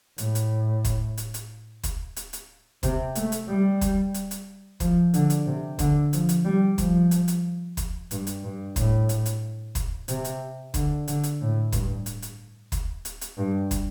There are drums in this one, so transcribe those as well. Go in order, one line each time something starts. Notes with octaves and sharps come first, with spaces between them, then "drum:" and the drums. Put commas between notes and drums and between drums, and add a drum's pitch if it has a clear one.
A2, drum: hi-hat
drum: hi-hat
drum: kick, hi-hat
drum: hi-hat
drum: hi-hat
drum: kick, hi-hat
drum: hi-hat
drum: hi-hat
C3, drum: kick, hi-hat
A3, drum: hi-hat
drum: hi-hat
G3
drum: kick, hi-hat
drum: hi-hat
drum: hi-hat
F3, drum: kick, hi-hat
D3, drum: hi-hat
drum: hi-hat
C3
D3, drum: kick, hi-hat
F3, drum: hi-hat
drum: hi-hat
G3
F3, drum: kick, hi-hat
drum: hi-hat
drum: hi-hat
drum: kick, hi-hat
G2, drum: hi-hat
drum: hi-hat
G2
A2, drum: kick, hi-hat
drum: hi-hat
drum: hi-hat
drum: kick, hi-hat
C3, drum: hi-hat
drum: hi-hat
D3, drum: kick, hi-hat
D3, drum: hi-hat
drum: hi-hat
A2
G2, drum: kick, hi-hat
drum: hi-hat
drum: hi-hat
drum: kick, hi-hat
drum: hi-hat
drum: hi-hat
G2
drum: kick, hi-hat